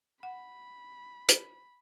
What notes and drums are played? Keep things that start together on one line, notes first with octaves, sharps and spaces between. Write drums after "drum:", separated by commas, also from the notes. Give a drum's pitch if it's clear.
F#5 B5
drum: hi-hat